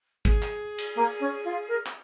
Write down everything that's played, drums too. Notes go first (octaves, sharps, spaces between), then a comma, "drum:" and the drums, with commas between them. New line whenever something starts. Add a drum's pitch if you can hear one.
G#4, drum: kick
drum: clap
drum: cymbal
A#3
C#4
F4
A#4
drum: clap